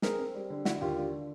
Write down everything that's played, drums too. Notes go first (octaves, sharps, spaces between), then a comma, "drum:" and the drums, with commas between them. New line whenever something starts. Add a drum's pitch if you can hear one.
C4 G#4 A#4, drum: snare
C4
G3
D3
D3 E4 F#4, drum: snare
D#2 F4 G4
D3